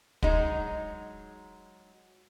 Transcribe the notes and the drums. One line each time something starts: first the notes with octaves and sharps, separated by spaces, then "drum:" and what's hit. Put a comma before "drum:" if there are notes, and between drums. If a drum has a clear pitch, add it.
F#3 G#3 D#4, drum: kick